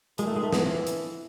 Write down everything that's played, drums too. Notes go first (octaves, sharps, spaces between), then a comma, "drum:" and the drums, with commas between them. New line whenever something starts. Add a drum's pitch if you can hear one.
A#2 G#3, drum: hi-hat
D#3 A3
G#3
D#3 A3
E3 B3, drum: snare
drum: hi-hat